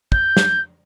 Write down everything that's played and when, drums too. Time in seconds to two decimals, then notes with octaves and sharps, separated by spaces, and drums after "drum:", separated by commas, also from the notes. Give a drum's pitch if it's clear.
0.12 G6, drum: kick
0.37 drum: snare